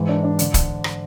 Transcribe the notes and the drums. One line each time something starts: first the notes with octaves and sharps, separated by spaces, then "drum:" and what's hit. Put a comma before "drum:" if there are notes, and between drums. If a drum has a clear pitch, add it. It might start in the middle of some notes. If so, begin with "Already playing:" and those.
Already playing: G#2 E3
D4
D4
D3, drum: hi-hat
drum: kick, hi-hat
drum: rim click